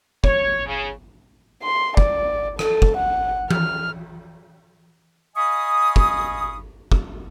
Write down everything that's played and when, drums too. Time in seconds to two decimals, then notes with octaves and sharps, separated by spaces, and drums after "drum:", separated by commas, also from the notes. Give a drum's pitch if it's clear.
0.24 C#5, drum: kick
0.66 C#3
1.63 C6
1.97 D5, drum: kick
2.59 A4, drum: rim click
2.82 drum: kick
2.97 F#5
3.51 F6, drum: tom E3
5.36 D#5 F5 G#5 B5 C#6 D#6
5.96 drum: kick
6.92 drum: kick